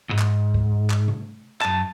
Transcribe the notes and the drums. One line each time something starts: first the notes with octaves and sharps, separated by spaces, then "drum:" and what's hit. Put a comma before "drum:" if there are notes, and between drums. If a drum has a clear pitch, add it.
C#2 G#2
drum: clap
drum: kick C#2
drum: clap
drum: tom C3
F#2 A5, drum: clap